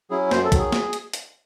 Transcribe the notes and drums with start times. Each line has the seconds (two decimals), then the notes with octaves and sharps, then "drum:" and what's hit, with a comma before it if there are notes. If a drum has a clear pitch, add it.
0.10 F#3 C#4 E4 G#4
0.31 F#2 C5, drum: snare
0.45 A4
0.52 D#3 F#3, drum: kick, hi-hat
0.59 G#4
0.72 drum: snare
0.93 drum: hi-hat
1.13 drum: hi-hat